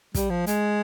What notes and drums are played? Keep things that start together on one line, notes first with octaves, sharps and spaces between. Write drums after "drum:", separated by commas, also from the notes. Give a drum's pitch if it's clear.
G3, drum: kick, hi-hat
F3
G#3, drum: hi-hat